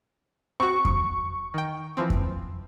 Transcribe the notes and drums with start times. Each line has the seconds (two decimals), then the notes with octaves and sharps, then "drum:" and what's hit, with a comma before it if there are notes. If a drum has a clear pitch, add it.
0.60 C4 F#4 C#6
0.85 drum: kick F2
1.54 D#3 G5
1.97 E3 F3 C4
2.10 drum: kick F2